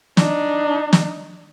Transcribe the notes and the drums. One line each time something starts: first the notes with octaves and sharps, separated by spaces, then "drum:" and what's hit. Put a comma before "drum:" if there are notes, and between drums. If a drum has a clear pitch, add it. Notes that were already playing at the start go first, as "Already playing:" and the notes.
D4 D#4, drum: snare
drum: snare